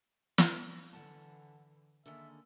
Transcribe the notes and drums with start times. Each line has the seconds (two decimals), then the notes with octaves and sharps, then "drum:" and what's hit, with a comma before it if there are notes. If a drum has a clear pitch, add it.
0.38 drum: snare
0.93 D3 E3 F#5 A5
2.06 D3 D#3 G#3 A#3 E5